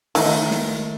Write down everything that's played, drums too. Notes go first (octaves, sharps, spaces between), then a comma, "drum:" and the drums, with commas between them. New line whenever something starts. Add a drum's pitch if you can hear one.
D#3 E3 A3 D#4, drum: open hi-hat
drum: snare